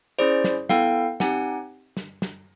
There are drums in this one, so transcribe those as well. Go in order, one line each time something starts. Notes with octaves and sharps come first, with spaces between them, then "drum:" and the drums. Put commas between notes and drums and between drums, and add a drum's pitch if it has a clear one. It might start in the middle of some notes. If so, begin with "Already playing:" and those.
C#4 E4 G#4 C5 D5
drum: snare
B3 E4 A4 F5 G5, drum: snare
C4 D#4 G4 F#5 G#5, drum: snare
drum: snare
drum: snare